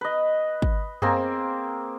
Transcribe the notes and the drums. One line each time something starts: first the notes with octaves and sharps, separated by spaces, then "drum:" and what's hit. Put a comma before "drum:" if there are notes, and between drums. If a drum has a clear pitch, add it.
B4 D#5
drum: kick
A#3 C4 G#4, drum: tom F#2